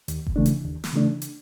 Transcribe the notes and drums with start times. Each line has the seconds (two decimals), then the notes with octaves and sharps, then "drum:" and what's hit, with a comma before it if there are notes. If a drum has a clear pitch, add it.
0.08 D#2, drum: hi-hat
0.27 drum: kick G1
0.36 C#3 E3 A3 D4
0.46 drum: hi-hat
0.65 D#2
0.84 drum: snare
0.93 C#3 E3 A3 D4
1.22 drum: hi-hat